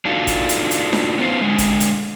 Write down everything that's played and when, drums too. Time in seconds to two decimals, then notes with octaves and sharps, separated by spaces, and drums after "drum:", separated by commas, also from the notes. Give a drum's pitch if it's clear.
0.05 D4 D#4 F4 F#4 A4
0.27 drum: kick, hi-hat
0.49 drum: hi-hat
0.71 drum: hi-hat
0.93 drum: snare D4
1.18 B3 C#4 D4 F4 C5
1.41 D3 G#3
1.58 drum: kick, hi-hat
1.80 drum: hi-hat